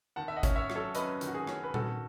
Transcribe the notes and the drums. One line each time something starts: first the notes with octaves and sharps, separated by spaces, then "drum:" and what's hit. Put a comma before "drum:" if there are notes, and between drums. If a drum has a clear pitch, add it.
D#3 F#5 A5
E5
D#5 F#5
C#4, drum: kick G#1, hi-hat
C#5 E5
F#3, drum: rim click
A4 C#5
F#2 B4 D#5, drum: hi-hat
D#3, drum: hi-hat
F#4
G#4
C#4, drum: rim click
B4
D#3 F#4 A4, drum: tom A#2